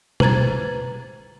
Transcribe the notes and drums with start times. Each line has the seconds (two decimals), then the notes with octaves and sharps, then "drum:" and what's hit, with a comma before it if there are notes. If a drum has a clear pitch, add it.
0.20 B4 C5 A#5 G#6 A6, drum: tom B2